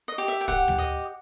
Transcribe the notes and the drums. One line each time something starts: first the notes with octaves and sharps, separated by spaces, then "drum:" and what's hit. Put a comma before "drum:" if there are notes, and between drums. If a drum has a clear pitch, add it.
D#5
G4
E5
G5
G4 F#5, drum: kick
drum: tom
D#5